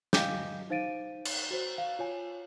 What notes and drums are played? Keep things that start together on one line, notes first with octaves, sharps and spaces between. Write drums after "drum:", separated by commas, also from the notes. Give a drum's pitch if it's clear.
D#5 F5 G5 G#5 D6 G6, drum: snare
D#4 C5 F5 A6 D7 D#7
drum: cymbal
F#4 C5
F5
F4 C#5 G#5